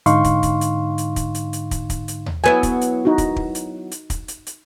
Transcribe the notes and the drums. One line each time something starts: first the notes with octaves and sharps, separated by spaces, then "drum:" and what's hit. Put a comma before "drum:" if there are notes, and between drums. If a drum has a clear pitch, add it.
G#2 D3 D#4 F5 C6 C#6, drum: hi-hat
drum: kick, hi-hat
drum: kick, hi-hat
drum: hi-hat
drum: hi-hat
drum: kick, hi-hat
drum: hi-hat
drum: hi-hat
drum: kick, hi-hat
drum: kick, hi-hat
drum: hi-hat
drum: tom D#2
F#3 B3 E4 G#5
drum: kick, hi-hat
drum: hi-hat
D#4 F#4
drum: kick, hi-hat
drum: kick
drum: hi-hat
drum: hi-hat
drum: kick, hi-hat
drum: hi-hat
drum: hi-hat